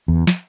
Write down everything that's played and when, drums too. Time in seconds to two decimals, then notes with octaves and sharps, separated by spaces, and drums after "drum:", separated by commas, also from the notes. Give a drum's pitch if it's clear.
0.08 E2
0.27 drum: snare